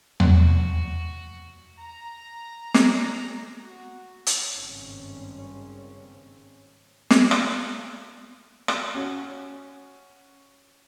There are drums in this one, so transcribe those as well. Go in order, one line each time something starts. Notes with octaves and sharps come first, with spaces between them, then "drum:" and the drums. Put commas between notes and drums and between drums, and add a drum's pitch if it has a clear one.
F#4, drum: tom E2
A#5
drum: snare
F#4
drum: hi-hat
G#1 G2 C#3 A#3 C4 C#4
drum: snare
drum: rim click
drum: rim click
C#4 F#4